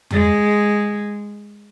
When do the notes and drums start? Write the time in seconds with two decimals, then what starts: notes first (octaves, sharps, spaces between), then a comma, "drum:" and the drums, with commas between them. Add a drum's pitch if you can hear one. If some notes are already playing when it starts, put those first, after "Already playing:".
0.11 G#3, drum: tom E2